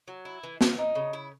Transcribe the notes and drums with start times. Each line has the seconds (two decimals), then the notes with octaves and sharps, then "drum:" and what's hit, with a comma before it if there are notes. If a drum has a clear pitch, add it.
0.08 F#3
0.25 E4
0.43 E3
0.61 E3, drum: snare
0.78 D#4
0.95 C#3
1.13 E4